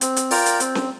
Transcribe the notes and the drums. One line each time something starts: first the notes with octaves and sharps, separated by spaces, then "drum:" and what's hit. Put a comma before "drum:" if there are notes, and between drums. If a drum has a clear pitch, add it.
C4, drum: hi-hat
drum: hi-hat
F4 A#4 D5 G5, drum: open hi-hat
drum: hi-hat
C4, drum: hi-hat
drum: snare C#4